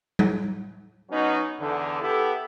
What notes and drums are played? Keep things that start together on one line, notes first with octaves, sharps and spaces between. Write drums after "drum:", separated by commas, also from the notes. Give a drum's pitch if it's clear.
drum: tom G3
F#3 B3 C#4 D#4
E2 D3
B3 E4 G4 A4